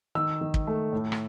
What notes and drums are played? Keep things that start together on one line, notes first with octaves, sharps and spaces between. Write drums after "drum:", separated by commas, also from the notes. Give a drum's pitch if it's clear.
D#3 E6
D#3
drum: kick
A3
A2
drum: rim click